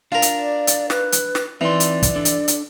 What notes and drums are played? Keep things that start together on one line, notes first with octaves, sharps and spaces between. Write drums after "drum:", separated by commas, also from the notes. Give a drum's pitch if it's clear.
D4 F4 A#4
drum: hi-hat
D5
drum: hi-hat
B4, drum: snare
drum: hi-hat
drum: snare
E3 C4 D#4 D5 C6
drum: hi-hat
drum: kick, hi-hat
D4 A4
drum: hi-hat
drum: hi-hat